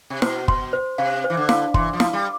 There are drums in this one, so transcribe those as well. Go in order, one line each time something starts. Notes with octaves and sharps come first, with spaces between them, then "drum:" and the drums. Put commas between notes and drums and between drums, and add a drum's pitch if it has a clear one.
C3
B2 C5, drum: snare
C6, drum: kick
C5
C3 F5
C5
E3
D3
F5, drum: snare
E3 C6, drum: kick
F3
F5, drum: snare
G3